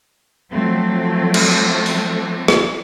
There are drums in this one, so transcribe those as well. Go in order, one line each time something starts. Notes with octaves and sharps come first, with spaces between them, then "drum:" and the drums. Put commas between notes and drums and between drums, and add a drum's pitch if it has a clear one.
F3 F#3 A3 C4
drum: cymbal
drum: open hi-hat
drum: rim click